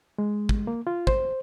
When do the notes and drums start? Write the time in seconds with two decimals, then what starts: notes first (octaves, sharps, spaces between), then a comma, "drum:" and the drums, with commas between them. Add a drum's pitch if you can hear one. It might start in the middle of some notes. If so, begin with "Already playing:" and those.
0.18 G#3
0.49 drum: kick
0.67 A#3
0.87 F4
1.07 C5, drum: kick